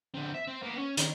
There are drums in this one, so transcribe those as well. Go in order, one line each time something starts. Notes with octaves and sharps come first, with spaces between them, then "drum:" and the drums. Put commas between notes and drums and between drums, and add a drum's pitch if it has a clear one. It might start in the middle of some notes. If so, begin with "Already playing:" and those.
D3 C4
E5
C4
A#3 B3
C#4
D#3, drum: hi-hat